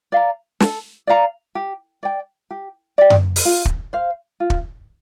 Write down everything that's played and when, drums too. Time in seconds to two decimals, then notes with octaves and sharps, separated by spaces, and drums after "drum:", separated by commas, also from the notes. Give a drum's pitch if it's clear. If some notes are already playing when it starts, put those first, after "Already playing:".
0.12 D5 F5 A#5
0.60 A4, drum: snare
1.07 D5 F5 A#5
1.55 G4
2.03 D5 G5
2.51 G4
2.98 D5 G5
3.10 drum: tom F#2
3.36 drum: open hi-hat
3.45 F4
3.65 drum: kick
3.93 C5 F5
4.40 F4
4.50 drum: kick